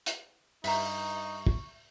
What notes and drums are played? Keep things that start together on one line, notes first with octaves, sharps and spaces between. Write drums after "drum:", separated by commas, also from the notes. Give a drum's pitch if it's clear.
drum: hi-hat
G2 D#4 B4 C#5 E5 A#5 C#6, drum: open hi-hat
drum: kick